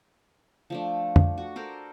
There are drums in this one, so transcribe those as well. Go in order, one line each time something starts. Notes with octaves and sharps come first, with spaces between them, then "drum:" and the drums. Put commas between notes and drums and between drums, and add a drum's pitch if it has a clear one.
F3 A3 D4
drum: tom F2
F#4
A4 A#4 C5 D5